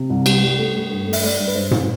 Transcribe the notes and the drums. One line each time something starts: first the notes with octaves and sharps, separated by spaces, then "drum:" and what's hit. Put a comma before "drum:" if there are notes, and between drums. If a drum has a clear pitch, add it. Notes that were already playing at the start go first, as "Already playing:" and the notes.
Already playing: C3
C2
G3, drum: cymbal
G3
A3
A3
G2
A3
E5, drum: open hi-hat
A3 D5
G2
B4
G2 C5
A3, drum: tom G#2